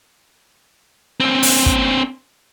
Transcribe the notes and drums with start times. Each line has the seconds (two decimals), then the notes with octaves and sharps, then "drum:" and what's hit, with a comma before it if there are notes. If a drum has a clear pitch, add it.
1.20 C4 C#4
1.43 drum: open hi-hat
1.66 drum: kick